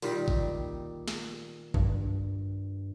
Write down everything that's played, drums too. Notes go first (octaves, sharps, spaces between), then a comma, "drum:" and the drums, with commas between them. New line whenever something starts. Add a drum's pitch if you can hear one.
A#2 D#3 G3, drum: open hi-hat
drum: kick G#1
drum: snare
G2, drum: kick G#1